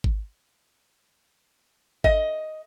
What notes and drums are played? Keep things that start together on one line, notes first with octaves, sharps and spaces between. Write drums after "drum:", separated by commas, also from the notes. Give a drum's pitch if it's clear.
drum: kick G#1
D#5, drum: kick G#1